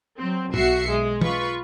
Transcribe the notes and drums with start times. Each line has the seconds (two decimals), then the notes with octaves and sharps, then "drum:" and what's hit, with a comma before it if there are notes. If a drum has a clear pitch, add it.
0.19 F#3 C4
0.54 B1 F#4 E5 C7 C#7, drum: tom
0.89 G#3
1.21 F4 B4 C#6, drum: tom